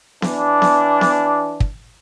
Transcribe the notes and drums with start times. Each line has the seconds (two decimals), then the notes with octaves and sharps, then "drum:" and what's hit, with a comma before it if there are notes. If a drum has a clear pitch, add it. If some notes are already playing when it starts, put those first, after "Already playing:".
0.22 E3 D4, drum: snare B3
0.62 drum: snare B3
1.01 drum: snare B3
1.60 drum: kick